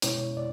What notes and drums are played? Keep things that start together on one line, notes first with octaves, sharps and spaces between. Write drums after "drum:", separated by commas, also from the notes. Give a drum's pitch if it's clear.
B2 G#3 C#4 E4 C#5, drum: hi-hat
D5